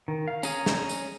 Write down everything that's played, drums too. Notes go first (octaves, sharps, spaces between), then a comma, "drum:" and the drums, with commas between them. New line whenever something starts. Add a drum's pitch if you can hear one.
D#3
F5
C#4 G#4 C#5 A#5, drum: tambourine
drum: snare
drum: tambourine